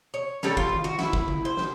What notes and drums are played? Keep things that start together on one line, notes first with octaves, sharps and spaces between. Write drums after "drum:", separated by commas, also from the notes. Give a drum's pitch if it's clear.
C#5
G3 A3 C#4, drum: snare
F4, drum: kick
drum: tom D#3
F#4
E4, drum: snare
drum: kick
drum: tom D3
C5
drum: snare